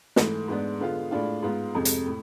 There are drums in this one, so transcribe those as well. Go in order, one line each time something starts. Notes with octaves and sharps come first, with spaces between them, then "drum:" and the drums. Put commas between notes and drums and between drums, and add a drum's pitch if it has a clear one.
G#2 E3 A3, drum: snare
G#2 G#3 B3 D4
D3 G#3 B3 F4
A2 G#3 D4 F4
G#2 G#3 B3 F4
F2 C3 G#3
drum: hi-hat
A2